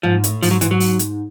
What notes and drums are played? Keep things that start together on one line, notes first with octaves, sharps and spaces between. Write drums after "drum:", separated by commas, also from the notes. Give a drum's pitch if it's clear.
G#2 F3
A2, drum: hi-hat
G#2 F3, drum: open hi-hat
F#3
G#2 E3, drum: hi-hat
F#3
drum: open hi-hat
drum: hi-hat